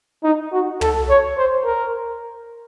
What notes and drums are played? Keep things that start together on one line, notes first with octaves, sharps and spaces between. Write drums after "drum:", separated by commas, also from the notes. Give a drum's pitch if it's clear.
D#4
F#4
A4, drum: tom
C#5
C5
A#4